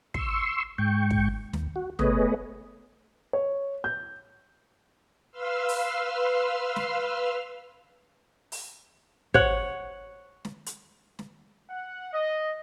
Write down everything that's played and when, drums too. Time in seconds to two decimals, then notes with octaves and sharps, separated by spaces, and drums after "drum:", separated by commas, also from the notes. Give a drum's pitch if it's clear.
0.14 C6 C#6 E6, drum: kick
0.78 G#2 G5 C#6
1.11 drum: kick
1.53 D#2, drum: snare
1.76 F#4
1.99 A3 B3 G#4 B4 C#5 D#5, drum: tom
3.33 C#5
3.84 G6
5.32 B4 F5 C6 E6 F6
5.69 drum: open hi-hat
6.76 drum: snare
8.52 drum: open hi-hat
9.34 C#5 F#5, drum: kick
10.45 drum: snare
10.66 drum: hi-hat
11.19 drum: snare
11.70 F#5
12.13 D#5